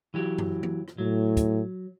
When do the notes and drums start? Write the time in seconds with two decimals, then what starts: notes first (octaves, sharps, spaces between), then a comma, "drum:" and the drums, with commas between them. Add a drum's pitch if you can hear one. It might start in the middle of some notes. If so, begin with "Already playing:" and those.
0.14 E3 F#3 G4
0.38 drum: tom
0.63 drum: tom E3
0.88 drum: rim click
0.98 A2 F#3
1.37 drum: kick, hi-hat